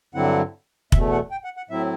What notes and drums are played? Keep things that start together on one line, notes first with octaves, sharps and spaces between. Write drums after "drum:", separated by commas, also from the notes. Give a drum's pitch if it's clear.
G2 D3 F#3 C4 E4 F#5
E2 B2 A3 E5, drum: kick
F#5
G5
F#5
F#5
A2 F#3 C4 E4 E5